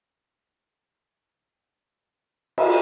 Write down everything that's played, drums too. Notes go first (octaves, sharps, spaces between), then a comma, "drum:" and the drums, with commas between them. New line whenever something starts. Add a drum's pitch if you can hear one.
C#3 G#4 G5
E2 A3 D4 D#5
drum: cymbal